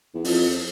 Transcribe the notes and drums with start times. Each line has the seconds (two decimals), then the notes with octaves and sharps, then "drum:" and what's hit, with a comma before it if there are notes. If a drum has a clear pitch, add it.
0.14 E2
0.25 F2, drum: open hi-hat